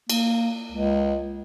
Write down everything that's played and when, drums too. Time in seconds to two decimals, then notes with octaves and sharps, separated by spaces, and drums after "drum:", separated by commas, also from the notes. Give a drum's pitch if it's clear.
0.10 A#3, drum: cymbal
0.72 C#2